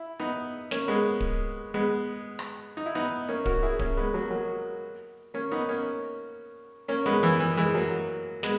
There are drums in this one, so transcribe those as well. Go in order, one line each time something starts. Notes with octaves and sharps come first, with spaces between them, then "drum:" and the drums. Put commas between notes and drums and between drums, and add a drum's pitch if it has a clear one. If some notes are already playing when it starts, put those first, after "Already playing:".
Already playing: E4
B3 D#4
A#3 C#4, drum: snare
G#3 B3
drum: kick D1
G#3 B3
drum: rim click
D#4, drum: hi-hat
E4
B3 D#4
A#3 C#4
F#4 A#4, drum: kick D1
E4 G#4
A#3 C#4, drum: kick D1
G#3 B3
F#3 A#3
F#3 A#3
A#3 C#4
B3 D#4
A#3 C#4
A#3 C#4
G#3 B3
E3
E3
E3 G#3
F#3 A#3
G#3 B3, drum: snare